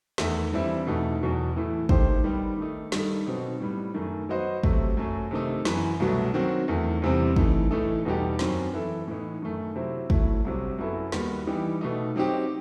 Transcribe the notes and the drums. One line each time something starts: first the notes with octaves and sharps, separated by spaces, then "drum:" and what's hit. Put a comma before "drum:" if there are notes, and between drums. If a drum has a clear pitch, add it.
E2 D#3 A3 E4, drum: snare
G2 E3 G3 C4 E4
E2 B2 A3 D#4
E2 B2 F#3
A2 E3 A3
D#3 A3 D#4 G4 C5, drum: kick
D#3 G3 B3 D#4 G4
D#3 A3 D#4
G2 D#3 G3 D#4 A4, drum: snare
B2 F#3 C4 D#4
A2 G3 B3
F#2 D#3 A3
F#3 B3 F#4 C5 D#5
C3 F#3 A3, drum: kick
F#2 F#3 A3
C3 D#3 A3 D#4
F#2 E3 B3, drum: snare
C2 B2 F#3 A3
D#3 F#3 C4 F#4
E2 D#3 A3
E2 C3 E3 G3 C4
E3 A3 D#4, drum: kick
A2 E3 A3 D#4 A4
E2 B2 G3 D#4 G4
F#2 D#3 F#3 C4, drum: snare
E3 B3 E4 A4
A2 E3 B3 D#4
F#2 D#3 A3
C3 F#3 C4 E4
A2 F#3 A3 E4, drum: kick
C2 C3 F#3
F#2 F#3 B3 E4 A4
D#2 D#3 G3 B3 F#4, drum: snare
E3 G3 B3 D#4 G4
B2 A3 D#4
F#3 C4 D#4 G4